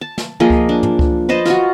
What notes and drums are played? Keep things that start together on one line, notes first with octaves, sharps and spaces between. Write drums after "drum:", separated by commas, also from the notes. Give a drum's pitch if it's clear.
A5
drum: snare
F3 A#3 G#4 D#5
drum: kick C#2
D4
drum: tom
drum: kick C#2
B4 C5 D#5 A5
F4 F#4, drum: snare